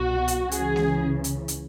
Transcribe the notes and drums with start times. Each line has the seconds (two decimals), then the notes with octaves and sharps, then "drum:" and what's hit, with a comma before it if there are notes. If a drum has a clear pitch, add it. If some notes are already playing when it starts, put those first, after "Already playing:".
Already playing: C2 B2 F#4
0.28 drum: hi-hat
0.51 C#2 C#3 E3 G#4, drum: hi-hat
0.76 drum: snare G#3
1.24 drum: hi-hat
1.48 drum: hi-hat